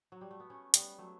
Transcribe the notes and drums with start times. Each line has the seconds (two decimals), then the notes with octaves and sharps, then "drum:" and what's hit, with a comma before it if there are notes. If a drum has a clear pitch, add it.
0.12 F#3
0.21 G3
0.31 A3
0.40 B3
0.50 A3 C#4
0.74 G3 B3, drum: hi-hat
0.99 F#3 A3